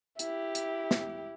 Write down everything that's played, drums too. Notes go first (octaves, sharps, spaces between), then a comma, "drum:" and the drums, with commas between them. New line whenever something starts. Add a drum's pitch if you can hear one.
E4 G4, drum: hi-hat
drum: hi-hat
drum: snare